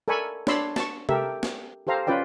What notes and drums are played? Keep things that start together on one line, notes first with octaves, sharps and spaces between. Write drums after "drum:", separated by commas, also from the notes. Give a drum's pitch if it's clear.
A4 A#4 D5 G#5 B5 C#6
D4 C#5 D5 B5 C6 E6, drum: snare
A5 C#6, drum: snare
G4 A4 A#4 E5, drum: tom C3
drum: snare
G4 A4 C5 F5 A#5
C#4 F4 B4 D5 G5